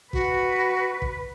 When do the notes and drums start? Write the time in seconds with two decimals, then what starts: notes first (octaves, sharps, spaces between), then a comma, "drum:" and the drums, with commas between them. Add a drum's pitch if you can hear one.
0.13 F#4 B4, drum: kick
1.02 drum: kick